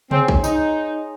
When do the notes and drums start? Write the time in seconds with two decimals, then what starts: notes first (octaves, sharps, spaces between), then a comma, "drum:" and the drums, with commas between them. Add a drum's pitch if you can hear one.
0.11 C4 G#4 C#5 G#5 C6, drum: tom C3
0.28 drum: kick
0.44 D#4, drum: tambourine